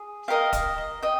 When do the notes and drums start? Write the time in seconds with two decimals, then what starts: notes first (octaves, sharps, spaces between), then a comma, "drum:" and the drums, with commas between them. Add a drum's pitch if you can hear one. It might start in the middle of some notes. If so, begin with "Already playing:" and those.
Already playing: G#4
0.28 G4 A#4 D#5 F5
0.53 D#5, drum: kick, hi-hat
0.78 D#5
1.02 D#5 G5